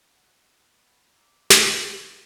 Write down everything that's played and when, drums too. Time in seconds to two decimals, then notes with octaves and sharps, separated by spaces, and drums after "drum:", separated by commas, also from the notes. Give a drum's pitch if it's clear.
0.14 F#5
0.57 B3
1.13 E5 A#5 D6
1.50 drum: snare
1.72 G4 B4 A#5